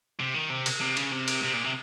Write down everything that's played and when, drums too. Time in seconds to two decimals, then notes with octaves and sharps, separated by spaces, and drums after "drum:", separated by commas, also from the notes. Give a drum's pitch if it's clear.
0.20 C3
0.35 D#3
0.50 C3
0.66 drum: cymbal
0.81 C3
0.97 C#3, drum: cymbal
1.12 C3
1.28 drum: cymbal
1.43 C3
1.53 A#2
1.64 C3